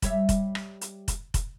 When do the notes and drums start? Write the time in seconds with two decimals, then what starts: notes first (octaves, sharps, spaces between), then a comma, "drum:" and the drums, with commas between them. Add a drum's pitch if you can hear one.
0.02 G3 C#5 E5, drum: kick F1, hi-hat
0.29 drum: kick F1, hi-hat
0.55 drum: rim click
0.81 drum: hi-hat
1.08 drum: kick F1, hi-hat
1.34 drum: kick F1, hi-hat